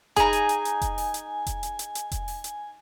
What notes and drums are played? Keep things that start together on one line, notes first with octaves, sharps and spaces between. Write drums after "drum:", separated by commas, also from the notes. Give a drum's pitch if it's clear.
D#4 G#4 G#5 A#5, drum: kick F1, hi-hat
drum: hi-hat
drum: hi-hat
drum: hi-hat
drum: kick F1, hi-hat
drum: open hi-hat
drum: hi-hat
drum: kick F1, hi-hat
drum: hi-hat
drum: hi-hat
drum: hi-hat
drum: kick F1, hi-hat
drum: open hi-hat
drum: hi-hat